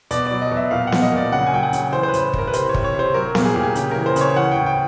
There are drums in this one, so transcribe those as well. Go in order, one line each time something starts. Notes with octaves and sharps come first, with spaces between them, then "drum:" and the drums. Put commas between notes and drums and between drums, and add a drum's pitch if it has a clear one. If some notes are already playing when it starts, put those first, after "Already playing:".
B2 D5, drum: hi-hat
F#3 D5
D#5
B2
E5
A#2 F5
F#5
F3, drum: snare B3
D#5
A#2 D5
C#3 F#5
G#5
F#3 G5
F#5
C#3, drum: hi-hat
E3 C5
C5
B4
A2, drum: hi-hat
A2, drum: kick
A#4
B4
C3 C5, drum: hi-hat
C#5
C3, drum: kick
C#5
C3
C5
F#3 A#4
A#2, drum: snare B3
G#4
A#2 G4
G#4
C#3 G4, drum: hi-hat
E3 A#4
C5
C#3, drum: hi-hat
C#5
E3 F#5
G5
A2
G5